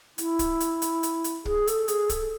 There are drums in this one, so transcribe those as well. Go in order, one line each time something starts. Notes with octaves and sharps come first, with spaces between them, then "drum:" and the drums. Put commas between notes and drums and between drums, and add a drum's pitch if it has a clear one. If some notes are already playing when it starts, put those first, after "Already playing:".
E4, drum: hi-hat
drum: kick, hi-hat
drum: hi-hat
drum: hi-hat
drum: hi-hat
drum: hi-hat
G#4, drum: kick
A4, drum: hi-hat
G#4, drum: hi-hat
A4, drum: kick, hi-hat